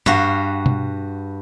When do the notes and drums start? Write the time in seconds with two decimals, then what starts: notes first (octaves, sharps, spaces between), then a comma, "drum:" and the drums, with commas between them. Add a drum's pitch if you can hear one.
0.06 G2 F#4 F5, drum: tom
0.66 drum: tom B2